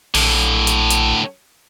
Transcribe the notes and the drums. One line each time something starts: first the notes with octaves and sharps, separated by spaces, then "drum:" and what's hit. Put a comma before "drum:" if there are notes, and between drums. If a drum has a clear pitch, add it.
A#1 A2 D3, drum: open hi-hat
drum: hi-hat
drum: hi-hat